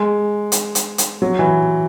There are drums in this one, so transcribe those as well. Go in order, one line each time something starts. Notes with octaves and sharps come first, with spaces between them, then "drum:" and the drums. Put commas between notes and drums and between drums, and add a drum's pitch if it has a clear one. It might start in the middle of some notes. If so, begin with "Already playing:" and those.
Already playing: G#3
drum: hi-hat
drum: hi-hat
drum: hi-hat
F#3
E3